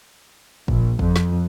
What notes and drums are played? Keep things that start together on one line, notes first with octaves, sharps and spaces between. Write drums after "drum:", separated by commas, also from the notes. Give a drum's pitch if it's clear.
A#1, drum: kick F#1
F2, drum: kick F#1
drum: snare